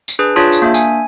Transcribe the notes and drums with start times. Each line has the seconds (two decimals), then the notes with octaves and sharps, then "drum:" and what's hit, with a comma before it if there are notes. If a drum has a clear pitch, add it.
0.08 drum: tambourine
0.19 D4 G#4 B4
0.36 D4 F4 G#4 C#5 A5
0.52 drum: tambourine
0.62 A#3 D4 E5
0.74 G#5, drum: tambourine